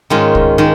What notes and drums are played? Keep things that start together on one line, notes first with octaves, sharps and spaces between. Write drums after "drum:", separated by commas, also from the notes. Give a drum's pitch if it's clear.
G#2 D#3 G#3 C#4 F4
drum: kick C2
D#3 G#3